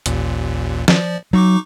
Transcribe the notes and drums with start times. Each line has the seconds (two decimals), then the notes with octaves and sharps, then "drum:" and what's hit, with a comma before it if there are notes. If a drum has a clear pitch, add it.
0.06 A1 D#2 A#2, drum: hi-hat
0.88 F3 D5, drum: snare
1.33 F#3 D#4 C#6 D6